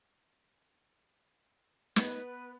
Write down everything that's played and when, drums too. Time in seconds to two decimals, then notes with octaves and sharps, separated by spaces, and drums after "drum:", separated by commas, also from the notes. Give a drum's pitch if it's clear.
1.96 B3 B4, drum: snare